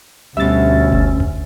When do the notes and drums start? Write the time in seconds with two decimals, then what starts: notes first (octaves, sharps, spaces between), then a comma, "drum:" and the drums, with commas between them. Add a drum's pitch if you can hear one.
0.37 D2 B2 G3 C#4 E5 E6 A6
0.92 drum: kick F#1
1.20 drum: tom E2